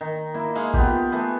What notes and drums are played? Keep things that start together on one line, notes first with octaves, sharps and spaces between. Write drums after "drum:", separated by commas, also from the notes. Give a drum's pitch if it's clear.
D#3
A#3 E4
G#3 F5, drum: cymbal
B3 F4 G4, drum: kick A#1
A3 G#4 B4